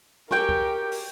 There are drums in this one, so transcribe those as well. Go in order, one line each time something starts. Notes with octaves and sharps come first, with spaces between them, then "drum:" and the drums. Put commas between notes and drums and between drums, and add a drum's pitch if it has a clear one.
G4 A#4 G5 C#6, drum: snare
drum: kick C2
drum: open hi-hat